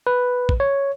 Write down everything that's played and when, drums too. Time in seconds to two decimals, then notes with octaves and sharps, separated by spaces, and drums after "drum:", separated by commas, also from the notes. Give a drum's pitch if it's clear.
0.07 B4
0.49 drum: kick
0.60 C#5